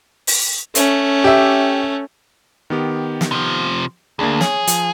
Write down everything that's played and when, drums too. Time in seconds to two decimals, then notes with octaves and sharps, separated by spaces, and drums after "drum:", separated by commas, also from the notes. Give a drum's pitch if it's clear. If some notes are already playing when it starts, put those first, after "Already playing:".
0.27 drum: open hi-hat
0.75 A3 C#4, drum: hi-hat
1.24 G4 E5
2.70 D#3 B3 G4
3.21 drum: snare
3.31 C3 F3
4.19 D2 A#3 D4 G#4
4.41 G#4 C#5, drum: snare
4.67 F3, drum: hi-hat